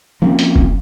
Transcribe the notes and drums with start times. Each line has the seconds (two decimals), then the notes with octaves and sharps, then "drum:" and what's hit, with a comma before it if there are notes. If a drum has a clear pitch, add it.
0.22 F3 A#3 C4 C#4
0.39 drum: hi-hat
0.56 drum: kick